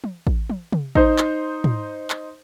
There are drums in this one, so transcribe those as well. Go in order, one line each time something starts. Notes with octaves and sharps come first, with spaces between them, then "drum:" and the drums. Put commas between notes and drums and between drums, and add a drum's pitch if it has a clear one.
drum: tom
drum: kick A1
drum: tom
drum: tom
D#4 C5, drum: kick A1
drum: clap
drum: tom
drum: clap